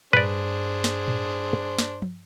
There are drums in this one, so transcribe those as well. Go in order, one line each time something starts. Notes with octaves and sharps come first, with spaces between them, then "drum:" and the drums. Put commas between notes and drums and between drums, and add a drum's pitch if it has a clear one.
G2 D4 G#4 B4 C5 D5, drum: tom A2
drum: snare
drum: tom A2
drum: snare
drum: tom F3